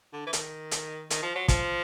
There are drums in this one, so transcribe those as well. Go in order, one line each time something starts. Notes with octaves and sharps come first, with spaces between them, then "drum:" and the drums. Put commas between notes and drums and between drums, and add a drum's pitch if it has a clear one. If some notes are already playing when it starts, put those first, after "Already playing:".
D3
E3
D#3, drum: hi-hat
drum: hi-hat
D#3, drum: hi-hat
F3
F#3
F3, drum: kick, hi-hat